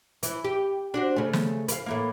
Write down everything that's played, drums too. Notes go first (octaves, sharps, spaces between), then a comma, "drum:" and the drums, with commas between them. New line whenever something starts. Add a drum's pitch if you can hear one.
E3, drum: hi-hat
G4
D4 F#4 C5
C#3 A3
drum: snare
B4 F5, drum: hi-hat
A2 E3 A#3